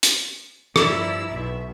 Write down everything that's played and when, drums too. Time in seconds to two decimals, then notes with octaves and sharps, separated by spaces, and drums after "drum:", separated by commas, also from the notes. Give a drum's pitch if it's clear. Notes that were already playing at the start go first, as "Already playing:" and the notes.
0.03 drum: hi-hat
0.76 G2 F3 A#3 E4 D5 E6, drum: rim click
1.30 B1 B2 E5